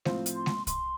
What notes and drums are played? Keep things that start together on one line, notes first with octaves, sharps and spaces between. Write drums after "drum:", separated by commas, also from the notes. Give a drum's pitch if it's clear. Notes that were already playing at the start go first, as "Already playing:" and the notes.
A2 F3 C4 F4 C5, drum: snare G#3
drum: hi-hat
C6
drum: snare G#3
C6, drum: kick, hi-hat